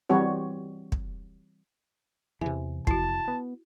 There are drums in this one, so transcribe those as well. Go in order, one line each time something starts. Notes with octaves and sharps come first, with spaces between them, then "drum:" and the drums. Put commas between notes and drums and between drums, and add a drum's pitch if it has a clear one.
E3 G3 C4 F#4 C#5
drum: kick
E2 C3 E3 G#5
F2 E4 F#4 A5, drum: kick
B3